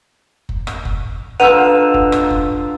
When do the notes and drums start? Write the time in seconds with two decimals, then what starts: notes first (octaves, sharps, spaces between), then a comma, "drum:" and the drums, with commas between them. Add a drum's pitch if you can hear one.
0.49 drum: kick F#1
0.67 drum: rim click
0.85 drum: kick F#1
1.40 D3 D#4 F4 B4 F#5 E6 D#7 F7
1.94 drum: kick F#1
2.12 drum: rim click
2.30 drum: kick F#1